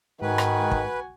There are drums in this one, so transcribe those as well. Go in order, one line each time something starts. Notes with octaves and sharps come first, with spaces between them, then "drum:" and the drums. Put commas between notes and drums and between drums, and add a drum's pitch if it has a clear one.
G#2 D#3 F#4 B4 G#5
drum: rim click
drum: kick